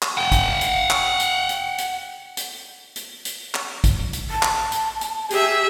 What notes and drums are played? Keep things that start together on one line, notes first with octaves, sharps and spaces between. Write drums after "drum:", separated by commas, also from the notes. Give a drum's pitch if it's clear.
drum: clap
F#5 G5
drum: kick, hi-hat
drum: hi-hat
drum: clap
drum: hi-hat
drum: hi-hat
drum: hi-hat
drum: hi-hat
drum: hi-hat
drum: hi-hat
drum: clap
drum: kick, hi-hat
drum: hi-hat
A5
drum: clap
drum: hi-hat
drum: hi-hat
G4 G#4 E5, drum: hi-hat